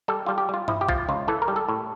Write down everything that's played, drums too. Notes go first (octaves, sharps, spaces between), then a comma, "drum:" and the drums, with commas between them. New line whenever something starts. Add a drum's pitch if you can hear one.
G3 A4
G3 F4
G4
G3 F4
F3 E4, drum: tom G2
G4
F3 F4, drum: kick
C#2 F4
E3 A4
A#4
G3
A4
A2